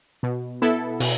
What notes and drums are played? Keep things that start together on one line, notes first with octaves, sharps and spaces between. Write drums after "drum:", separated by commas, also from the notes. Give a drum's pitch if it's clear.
B2
B3 E4 A4
B2, drum: open hi-hat